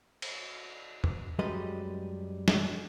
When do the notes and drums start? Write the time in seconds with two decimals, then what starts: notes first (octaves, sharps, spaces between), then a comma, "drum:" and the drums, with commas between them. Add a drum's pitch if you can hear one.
0.22 drum: cymbal
1.04 drum: tom
1.39 F#2 G3 G#3 B4 D#5
2.48 drum: snare